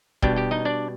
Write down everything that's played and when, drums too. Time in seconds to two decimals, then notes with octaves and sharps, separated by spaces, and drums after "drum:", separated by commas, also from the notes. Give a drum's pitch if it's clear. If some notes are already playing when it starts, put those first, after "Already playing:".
0.22 B2 G3 D4 G4 G5, drum: kick
0.36 G4 G5
0.51 D#4 D#5
0.65 D4 D5